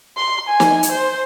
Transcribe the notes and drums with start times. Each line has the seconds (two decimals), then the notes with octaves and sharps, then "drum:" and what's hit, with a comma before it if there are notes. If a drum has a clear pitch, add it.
0.17 C6
0.49 G#5
0.60 drum: snare
0.83 drum: hi-hat
0.92 C5